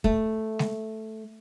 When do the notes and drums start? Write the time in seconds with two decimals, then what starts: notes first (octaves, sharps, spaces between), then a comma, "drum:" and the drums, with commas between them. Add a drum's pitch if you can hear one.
0.04 A3, drum: kick
0.59 drum: snare